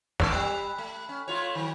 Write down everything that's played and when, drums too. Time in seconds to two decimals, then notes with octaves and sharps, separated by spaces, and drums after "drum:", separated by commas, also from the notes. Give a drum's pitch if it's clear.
0.20 A#3 C#4 D4 D5 A5 E6, drum: snare
0.32 G3 G5 B5 F#6
0.78 A3
1.09 C#4
1.28 A3 F4 C#5
1.55 D#3 F#3